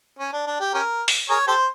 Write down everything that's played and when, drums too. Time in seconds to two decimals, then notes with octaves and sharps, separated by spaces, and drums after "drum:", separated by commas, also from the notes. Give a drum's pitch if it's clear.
0.19 C#4
0.33 D4
0.47 D4
0.60 G4
0.74 C#4 G4 A#4
1.08 drum: open hi-hat
1.30 G#4 A#4 C#5
1.47 G4 A4 C5